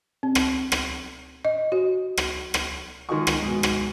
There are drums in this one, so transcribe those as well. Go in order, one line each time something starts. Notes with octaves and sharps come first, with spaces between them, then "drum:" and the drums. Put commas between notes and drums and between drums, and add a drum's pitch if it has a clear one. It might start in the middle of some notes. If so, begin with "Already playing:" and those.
C4
drum: rim click
drum: rim click
D#5
F#4
drum: rim click
drum: rim click
D#3 G#3 D#4 F4 G#4 C#6
drum: rim click
G#2 B2
drum: rim click